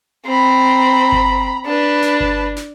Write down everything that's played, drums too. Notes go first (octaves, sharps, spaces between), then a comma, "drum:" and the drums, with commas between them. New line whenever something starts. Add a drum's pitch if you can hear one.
C4 A#5 B5
drum: kick G1
D4 B4 A5
drum: snare
drum: kick G1
drum: snare